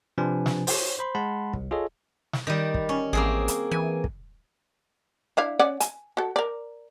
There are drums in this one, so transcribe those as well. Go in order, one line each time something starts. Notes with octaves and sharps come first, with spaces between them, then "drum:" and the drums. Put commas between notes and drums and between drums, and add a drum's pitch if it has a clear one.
C3 F3 D4 B4 G#5
drum: snare
C5 C#5, drum: open hi-hat
C5 B5 C6
G#3 F#5 A5 B5 C6
C2, drum: kick
F4 G#4 A4 C#5 D#5
drum: snare
D#3 G3
drum: kick
C#4
A1 A#3 C4 G#4
drum: hi-hat
E3 G#5
drum: kick
D4 E4 F5
C#4 D5 F#5
G#5, drum: hi-hat
F#4 A4
A#4 D5